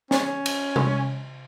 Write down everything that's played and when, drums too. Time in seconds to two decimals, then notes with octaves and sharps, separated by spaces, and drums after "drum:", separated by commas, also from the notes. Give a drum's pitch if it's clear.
0.11 C#4, drum: snare
0.46 drum: cymbal
0.76 drum: tom C3